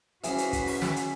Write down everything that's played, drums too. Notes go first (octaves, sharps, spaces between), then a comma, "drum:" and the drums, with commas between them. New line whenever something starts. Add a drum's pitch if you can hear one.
E3 C#4 F#4 G#4 B4, drum: hi-hat
drum: hi-hat
drum: kick, hi-hat
drum: open hi-hat
drum: snare
drum: hi-hat